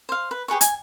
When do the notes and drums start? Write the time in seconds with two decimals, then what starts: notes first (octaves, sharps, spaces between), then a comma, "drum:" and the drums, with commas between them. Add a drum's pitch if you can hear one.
0.09 C5 F5
0.31 B4
0.48 G4 G#4 B4 C#6
0.61 G#5, drum: hi-hat